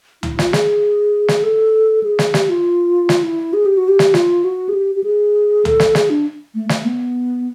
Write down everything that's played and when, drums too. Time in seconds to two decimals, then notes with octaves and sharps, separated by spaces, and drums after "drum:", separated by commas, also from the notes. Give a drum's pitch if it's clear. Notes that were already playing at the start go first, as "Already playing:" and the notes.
0.23 E4, drum: tom
0.39 F4, drum: snare
0.53 G#4, drum: snare
1.28 drum: snare
1.43 A4
2.04 G#4
2.19 drum: snare
2.34 G4, drum: snare
2.49 F4
3.09 drum: snare
3.24 E4
3.53 G#4
3.66 G4
3.77 F#4
3.88 G4
3.99 drum: snare
4.14 F4, drum: snare
4.44 F#4
4.69 G#4
4.74 G4
4.95 G4
5.04 G#4
5.65 A4, drum: tom
5.80 drum: snare
5.95 G#4, drum: snare
6.10 D4
6.55 A3
6.69 A3, drum: snare
6.85 B3